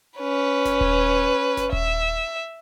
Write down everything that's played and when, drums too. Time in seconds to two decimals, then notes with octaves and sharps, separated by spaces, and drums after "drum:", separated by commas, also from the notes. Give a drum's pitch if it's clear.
0.18 C#4 B4
0.65 drum: snare F#1
0.81 drum: kick D#1
1.57 drum: snare F#1
1.73 E5, drum: kick D#1